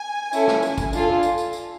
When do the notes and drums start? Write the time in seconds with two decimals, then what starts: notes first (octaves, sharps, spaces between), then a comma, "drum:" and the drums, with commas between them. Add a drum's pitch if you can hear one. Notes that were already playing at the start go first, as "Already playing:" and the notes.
Already playing: G#5
0.33 C#4 E4 A4, drum: tambourine
0.48 drum: snare
0.63 drum: tambourine
0.78 drum: kick, tambourine
0.93 D4 F4 A4, drum: tambourine
1.23 drum: tambourine
1.38 drum: tambourine
1.53 drum: tambourine